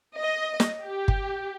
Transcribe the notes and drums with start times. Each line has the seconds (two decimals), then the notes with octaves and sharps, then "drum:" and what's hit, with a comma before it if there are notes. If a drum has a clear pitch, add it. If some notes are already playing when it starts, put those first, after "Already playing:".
0.18 D#5
0.60 drum: snare
0.84 G4
1.08 drum: kick